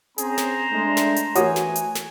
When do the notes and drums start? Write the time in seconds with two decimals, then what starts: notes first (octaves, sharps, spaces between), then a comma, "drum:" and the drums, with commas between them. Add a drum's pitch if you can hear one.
0.18 C4 C#4 G#4 C5 A#5, drum: hi-hat
0.38 drum: snare
0.72 G#3 A3 D4
0.97 drum: snare
1.16 drum: hi-hat
1.35 E3 A3 F#4 C#5 G#5 D#6, drum: hi-hat
1.56 drum: snare
1.76 drum: hi-hat
1.95 drum: snare